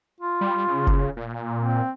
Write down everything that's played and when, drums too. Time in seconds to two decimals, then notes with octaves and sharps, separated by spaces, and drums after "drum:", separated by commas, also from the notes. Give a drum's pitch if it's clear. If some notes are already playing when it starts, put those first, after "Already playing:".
0.20 F4
0.41 G3
0.68 C#3
0.87 drum: kick F#1
1.17 A#2
1.59 C4